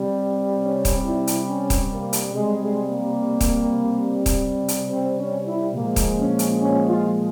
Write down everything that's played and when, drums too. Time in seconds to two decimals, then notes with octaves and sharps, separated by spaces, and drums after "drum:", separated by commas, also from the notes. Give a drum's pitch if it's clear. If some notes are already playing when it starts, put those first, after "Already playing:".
Already playing: C3 G3
0.64 C#4
0.85 drum: kick D#1, hi-hat
1.06 E4
1.27 drum: hi-hat
1.48 C#4
1.70 drum: kick D#1, hi-hat
1.91 A#3
2.13 drum: hi-hat
2.34 C3 G3 G#3
2.63 G#3
2.91 A#3
3.41 drum: kick D#1, hi-hat
4.26 drum: kick D#1, hi-hat
4.68 drum: hi-hat
4.90 C4
5.19 C#4
5.46 E4
5.75 A#2 F3 G#3 A#3
5.96 drum: kick D#1, hi-hat
6.18 C#4
6.39 drum: hi-hat
6.60 C#4
6.89 F4